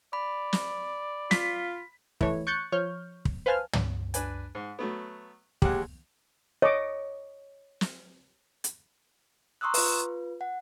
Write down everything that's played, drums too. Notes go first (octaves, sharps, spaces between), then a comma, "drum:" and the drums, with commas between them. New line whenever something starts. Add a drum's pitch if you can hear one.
D5 B5
drum: snare
F4 B6, drum: snare
E3 A3 C#5, drum: kick
C#6 F#6 G6 A6 C#7
F3 C#5 C#6 F6 G6
drum: kick
B4 C5 F5 G#5 A5 F6
drum: tom
D4 B4 G#5, drum: hi-hat
G#2
F#3 A3 B3
D#2 G#3 G4 F#5, drum: kick
C#5 D#5 C#6 D6
drum: snare
drum: hi-hat
A#5 C6 C#6 D#6 E6 F#6
F4 B4, drum: open hi-hat
F#5